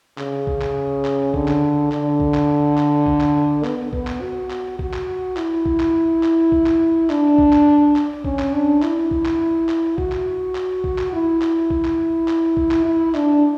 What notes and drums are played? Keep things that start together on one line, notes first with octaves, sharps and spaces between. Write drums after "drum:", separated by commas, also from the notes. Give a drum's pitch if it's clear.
C#3, drum: clap
drum: kick A#1
drum: clap
drum: clap
D3, drum: kick A#1
drum: clap
D3, drum: clap
drum: kick A#1
drum: clap
drum: clap
drum: kick A#1
drum: clap
B3, drum: clap
B3, drum: kick A#1
drum: clap
F#4
drum: clap
F#4, drum: kick A#1
drum: clap
E4, drum: clap
drum: kick A#1
drum: clap
drum: clap
drum: kick A#1
drum: clap
D4, drum: clap
drum: kick A#1
drum: clap
drum: clap
C#4, drum: kick A#1
drum: clap
D4
E4, drum: clap
drum: kick A#1
drum: clap
drum: clap
F#4, drum: kick A#1
drum: clap
drum: clap
drum: kick A#1
drum: clap
E4
drum: clap
drum: kick A#1
drum: clap
drum: clap
drum: kick A#1
drum: clap
E4
D4, drum: clap